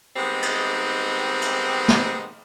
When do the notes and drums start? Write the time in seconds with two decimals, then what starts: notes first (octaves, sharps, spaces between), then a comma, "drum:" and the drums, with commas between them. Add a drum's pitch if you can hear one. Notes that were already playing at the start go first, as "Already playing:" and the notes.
0.16 D#3 G3 G#3 B3 C4 D#4
0.42 drum: cymbal
1.42 drum: cymbal
1.88 drum: snare B3